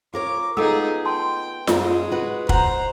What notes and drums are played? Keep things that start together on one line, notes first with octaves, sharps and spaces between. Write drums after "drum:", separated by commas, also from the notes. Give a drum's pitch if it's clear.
F4 A#4 C#5 D6
B3 D#4 F4 G#4 A4 E6
G5 A5 C6
F#2 G#3 E4 F4 B5, drum: snare F4
F#4 B4
C5 F#5 A#5, drum: kick